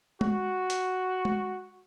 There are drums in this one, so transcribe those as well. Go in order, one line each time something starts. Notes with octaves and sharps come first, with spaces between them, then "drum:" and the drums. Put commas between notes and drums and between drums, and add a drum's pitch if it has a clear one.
F#4, drum: tom G#3
drum: hi-hat
drum: tom G#3